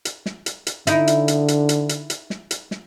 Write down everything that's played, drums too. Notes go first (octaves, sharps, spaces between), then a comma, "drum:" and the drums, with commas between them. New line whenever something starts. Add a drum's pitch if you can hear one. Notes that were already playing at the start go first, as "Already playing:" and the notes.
drum: hi-hat
drum: snare
drum: hi-hat
drum: hi-hat
D3 D#4 E4, drum: hi-hat
drum: hi-hat
drum: hi-hat
drum: hi-hat
drum: hi-hat
drum: hi-hat
drum: hi-hat
drum: snare
drum: hi-hat
drum: snare